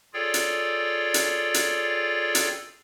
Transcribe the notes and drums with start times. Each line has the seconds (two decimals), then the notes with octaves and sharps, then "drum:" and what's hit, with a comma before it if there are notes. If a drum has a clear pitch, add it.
0.14 F4 G#4 A4 C#5 D5 G5
0.34 drum: hi-hat
1.14 drum: hi-hat
1.54 drum: hi-hat
2.35 drum: hi-hat